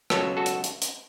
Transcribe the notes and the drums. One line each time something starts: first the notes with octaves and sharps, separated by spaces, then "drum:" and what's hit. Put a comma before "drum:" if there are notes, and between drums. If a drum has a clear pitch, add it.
C#2 B2 F#3 B3 A4 C#5, drum: rim click
F#4 A4
drum: hi-hat
drum: hi-hat
drum: hi-hat